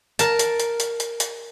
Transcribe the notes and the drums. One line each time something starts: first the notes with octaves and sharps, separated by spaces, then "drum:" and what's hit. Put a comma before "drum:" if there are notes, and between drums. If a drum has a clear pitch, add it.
A#4 A5, drum: hi-hat
drum: hi-hat
drum: hi-hat
drum: hi-hat
drum: hi-hat
drum: hi-hat